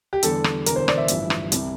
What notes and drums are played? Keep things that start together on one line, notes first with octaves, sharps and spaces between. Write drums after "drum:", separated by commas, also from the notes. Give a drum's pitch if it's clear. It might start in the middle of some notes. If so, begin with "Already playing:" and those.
G4
E2 D3 G3 A4, drum: hi-hat
drum: rim click
E1 E2 D3 A#4, drum: hi-hat
C5
D5, drum: rim click
E5
A1 G2 F3, drum: hi-hat
drum: rim click
C2 C3 G3, drum: hi-hat